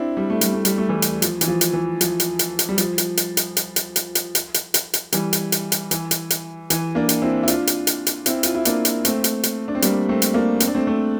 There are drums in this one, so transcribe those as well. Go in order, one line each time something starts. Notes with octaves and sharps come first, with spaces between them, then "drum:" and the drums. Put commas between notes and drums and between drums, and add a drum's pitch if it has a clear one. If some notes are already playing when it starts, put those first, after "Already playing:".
Already playing: C4 D4 E4
G3
A3
G3, drum: hi-hat
A3
G3, drum: hi-hat
A3
E3 G3
drum: hi-hat
F3, drum: hi-hat
E3, drum: hi-hat
F3
drum: hi-hat
E3
F3, drum: hi-hat
drum: hi-hat
drum: hi-hat
drum: hi-hat
G3
F3, drum: hi-hat
drum: hi-hat
drum: hi-hat
drum: hi-hat
drum: hi-hat
drum: hi-hat
drum: hi-hat
drum: hi-hat
drum: hi-hat
drum: hi-hat
drum: hi-hat
drum: hi-hat
E3 G3, drum: hi-hat
drum: hi-hat
drum: hi-hat
drum: hi-hat
E3, drum: hi-hat
drum: hi-hat
drum: hi-hat
E3, drum: hi-hat
A#3 D4
drum: hi-hat
C4 E4
E4
D4 F4, drum: hi-hat
drum: hi-hat
drum: hi-hat
drum: hi-hat
C4 E4, drum: hi-hat
F4, drum: hi-hat
E4
A#3 D4, drum: hi-hat
drum: hi-hat
A3 C4, drum: hi-hat
drum: hi-hat
drum: hi-hat
D4
C4
G3 A#3, drum: hi-hat
A3 C4
drum: hi-hat
A#3 D4
C4, drum: hi-hat
D4
A3 C4
A3 C4